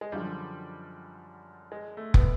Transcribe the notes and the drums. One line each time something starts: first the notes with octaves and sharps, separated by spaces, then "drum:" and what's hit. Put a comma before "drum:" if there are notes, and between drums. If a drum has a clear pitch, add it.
G#3
F#2 D3 F3 G3
G#3
A3
B3, drum: kick